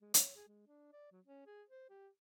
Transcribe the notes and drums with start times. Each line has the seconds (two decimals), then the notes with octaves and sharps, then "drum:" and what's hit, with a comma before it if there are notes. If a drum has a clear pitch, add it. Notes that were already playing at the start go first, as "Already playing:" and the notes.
0.02 G#3
0.14 C#5, drum: hi-hat
0.36 G#4
0.48 G#3
0.67 D4
0.93 D5
1.12 F#3
1.26 C#4
1.46 G#4
1.70 C5
1.90 G4